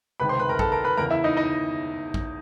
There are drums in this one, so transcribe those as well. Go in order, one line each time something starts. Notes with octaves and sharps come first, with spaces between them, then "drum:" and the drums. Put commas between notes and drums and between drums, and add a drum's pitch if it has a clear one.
C#2 C3 D#3 B4 B5
C5 C6
B4 B5
A#4 A#5
A4 A5, drum: kick
A#4 A#5
B4 B5
E2 C#3 E3 A#4 A#5
E4 E5
D#4 D#5
D#4 D#5
drum: kick